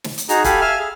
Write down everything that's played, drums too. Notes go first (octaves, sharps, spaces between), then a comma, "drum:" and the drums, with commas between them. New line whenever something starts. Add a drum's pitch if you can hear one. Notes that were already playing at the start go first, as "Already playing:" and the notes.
drum: snare
drum: hi-hat
D#4 F#4 G#4 A#5, drum: hi-hat
G4 A4 F5 G#5 B5, drum: kick, hi-hat
E5 F5 G#5 F6
G#4